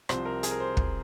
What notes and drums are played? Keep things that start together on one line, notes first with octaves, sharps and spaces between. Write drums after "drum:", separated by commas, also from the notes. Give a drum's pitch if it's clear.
C2 C3 F3 C4 C5, drum: rim click
A#4
G#4, drum: hi-hat
A#4
C5
drum: kick